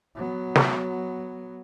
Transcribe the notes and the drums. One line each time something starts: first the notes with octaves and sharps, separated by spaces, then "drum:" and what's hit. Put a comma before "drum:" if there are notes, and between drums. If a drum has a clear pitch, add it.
F#3 B3
drum: snare